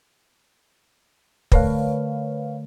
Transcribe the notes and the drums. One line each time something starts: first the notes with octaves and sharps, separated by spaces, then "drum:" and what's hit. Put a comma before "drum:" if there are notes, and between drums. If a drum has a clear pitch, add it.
D3 A3 A#4 B4 C#5 F5, drum: kick